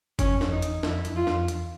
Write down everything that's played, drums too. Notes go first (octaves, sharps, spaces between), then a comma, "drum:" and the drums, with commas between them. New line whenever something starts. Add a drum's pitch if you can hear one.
F2 C#4, drum: kick F#1, hi-hat
F2, drum: snare
D#4
E2, drum: hi-hat
F2 E4, drum: snare
F2, drum: hi-hat
F4
F2, drum: snare
E2, drum: hi-hat